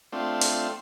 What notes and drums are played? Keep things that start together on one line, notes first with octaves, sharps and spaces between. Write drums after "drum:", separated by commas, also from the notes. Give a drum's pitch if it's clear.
A3 C4 D4 F4
drum: hi-hat